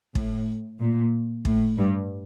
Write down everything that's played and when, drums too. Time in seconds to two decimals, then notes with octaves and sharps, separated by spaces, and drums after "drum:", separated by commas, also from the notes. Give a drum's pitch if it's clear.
0.15 A2, drum: kick
0.80 A#2
1.45 A2, drum: kick
1.77 G2